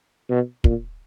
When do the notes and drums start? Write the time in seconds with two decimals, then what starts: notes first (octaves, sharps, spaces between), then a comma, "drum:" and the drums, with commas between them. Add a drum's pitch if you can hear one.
0.30 B2
0.64 A#2, drum: kick